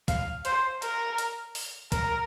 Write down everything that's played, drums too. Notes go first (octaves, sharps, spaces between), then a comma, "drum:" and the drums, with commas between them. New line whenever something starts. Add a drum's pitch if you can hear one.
F5, drum: kick, hi-hat
C5, drum: hi-hat
A#4, drum: hi-hat
drum: hi-hat
drum: open hi-hat
A#4, drum: kick, hi-hat